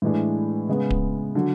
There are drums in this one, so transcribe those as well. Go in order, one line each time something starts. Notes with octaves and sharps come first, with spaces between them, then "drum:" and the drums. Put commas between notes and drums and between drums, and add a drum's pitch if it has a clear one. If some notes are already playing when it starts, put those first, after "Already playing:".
A2 E3 G#3 D4
C#3 G#3 B3
drum: kick D1
D3 F#3